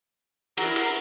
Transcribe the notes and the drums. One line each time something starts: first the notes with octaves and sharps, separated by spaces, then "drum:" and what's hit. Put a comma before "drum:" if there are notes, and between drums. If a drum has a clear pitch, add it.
E4 F#4 A#4, drum: cymbal
drum: cymbal